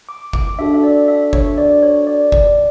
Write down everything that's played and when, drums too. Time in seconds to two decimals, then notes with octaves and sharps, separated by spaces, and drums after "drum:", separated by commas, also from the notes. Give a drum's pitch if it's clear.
0.09 D6
0.33 D6, drum: kick G#1
0.59 D4 F#4 A4 E5
0.74 E5
0.84 D5
1.08 E5
1.33 C#5, drum: kick G#1
1.58 D5
1.83 C#5
2.07 D5
2.32 D5, drum: kick G#1